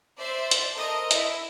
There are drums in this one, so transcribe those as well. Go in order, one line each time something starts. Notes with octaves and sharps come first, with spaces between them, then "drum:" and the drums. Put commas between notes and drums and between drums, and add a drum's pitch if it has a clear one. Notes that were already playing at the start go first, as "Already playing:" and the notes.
C5 D5 E5
drum: hi-hat
A4 A#4 C5 D#5
E4, drum: hi-hat